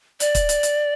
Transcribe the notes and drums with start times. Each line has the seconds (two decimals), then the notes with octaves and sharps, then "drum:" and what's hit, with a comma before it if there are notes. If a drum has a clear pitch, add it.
0.20 D5, drum: hi-hat
0.35 drum: kick, hi-hat
0.49 drum: hi-hat
0.63 drum: hi-hat